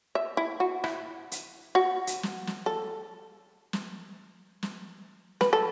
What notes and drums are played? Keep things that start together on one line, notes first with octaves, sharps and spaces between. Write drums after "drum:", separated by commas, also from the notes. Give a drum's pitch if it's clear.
E5
E4
F#4
E4, drum: rim click
drum: hi-hat
F#4
drum: hi-hat
drum: snare
drum: snare
A4
drum: snare
drum: snare
B4, drum: snare
A4